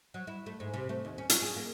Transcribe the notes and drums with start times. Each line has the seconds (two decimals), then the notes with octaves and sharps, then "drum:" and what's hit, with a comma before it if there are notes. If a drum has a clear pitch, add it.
0.14 F#3
0.27 E4
0.46 A3
0.60 G#2
0.74 C3
0.89 A3
1.05 D#2
1.18 C#4
1.30 F#3, drum: hi-hat
1.42 G#4
1.56 A#3